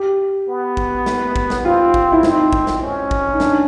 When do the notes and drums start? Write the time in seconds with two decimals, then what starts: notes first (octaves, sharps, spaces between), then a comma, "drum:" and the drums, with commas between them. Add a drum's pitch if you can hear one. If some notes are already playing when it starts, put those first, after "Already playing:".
Already playing: G4
0.49 B3
0.77 drum: kick
1.06 drum: snare
1.36 drum: kick
1.50 drum: snare
1.65 C4 F4
1.94 drum: kick
2.12 E4
2.23 C4 D#4, drum: snare
2.53 drum: kick
2.67 drum: snare
2.81 C#4
3.11 drum: kick
3.33 D#4
3.40 D4, drum: snare